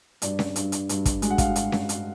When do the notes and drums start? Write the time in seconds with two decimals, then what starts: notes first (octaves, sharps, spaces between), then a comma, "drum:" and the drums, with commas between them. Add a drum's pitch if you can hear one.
0.22 G2 D5, drum: hi-hat
0.39 drum: snare C#4
0.56 G2, drum: hi-hat
0.72 drum: hi-hat
0.89 G2, drum: hi-hat
1.06 drum: kick, hi-hat
1.22 G#3, drum: hi-hat
1.30 F#5
1.38 F5, drum: kick, hi-hat
1.56 drum: hi-hat
1.72 drum: snare C#4
1.89 drum: hi-hat